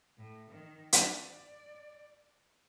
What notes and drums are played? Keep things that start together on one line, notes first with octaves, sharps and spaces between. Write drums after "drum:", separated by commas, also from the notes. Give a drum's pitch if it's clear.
A2
D#3
D5, drum: hi-hat